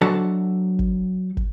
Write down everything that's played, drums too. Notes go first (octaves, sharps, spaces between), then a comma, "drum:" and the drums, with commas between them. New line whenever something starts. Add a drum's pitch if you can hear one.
F#3 D4 F#4 A4 C5 A5
drum: kick
drum: kick